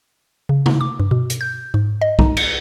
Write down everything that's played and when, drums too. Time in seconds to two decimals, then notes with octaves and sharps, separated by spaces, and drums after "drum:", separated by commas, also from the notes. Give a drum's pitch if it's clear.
0.49 C#3
0.66 drum: tom C3
0.81 D6
1.00 G2
1.11 B2
1.30 drum: hi-hat
1.41 G6
1.74 G#2
2.01 D#5
2.19 D#4, drum: kick B1
2.37 C#7, drum: cymbal